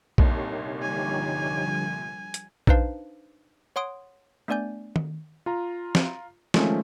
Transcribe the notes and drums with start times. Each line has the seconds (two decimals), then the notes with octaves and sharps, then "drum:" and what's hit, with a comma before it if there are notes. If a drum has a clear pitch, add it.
0.18 G1 C2 A#2 D#4 G4 C#5, drum: kick A#1
0.82 D3 F3 G3 G#5
2.34 drum: hi-hat
2.67 D4 D#4 B4 C5 F5 A5, drum: kick A#1
3.76 C#5 F#5 C6 D#6 D7
4.48 A3 B3 D4 D5 G#5 G6
4.96 drum: tom D#3
5.46 F4 A#5
5.95 drum: snare
6.54 D#3 F3 G#3 A3 C#4, drum: snare